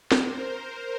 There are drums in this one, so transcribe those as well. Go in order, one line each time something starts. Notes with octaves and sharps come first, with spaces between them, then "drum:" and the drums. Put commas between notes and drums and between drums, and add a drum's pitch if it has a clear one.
A#4 C5, drum: snare